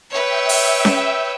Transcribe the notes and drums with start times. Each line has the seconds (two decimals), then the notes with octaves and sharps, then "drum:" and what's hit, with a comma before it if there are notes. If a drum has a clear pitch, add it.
0.10 B4 C#5 E5 G5 E6
0.49 drum: open hi-hat
0.85 drum: snare C#4